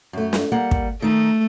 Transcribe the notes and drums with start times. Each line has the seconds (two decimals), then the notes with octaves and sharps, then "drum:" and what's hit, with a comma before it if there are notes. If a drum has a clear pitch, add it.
0.13 F#2 A3
0.33 drum: snare
0.52 G3 A#3 F#5
0.71 drum: kick
1.02 D#3 A3 D#4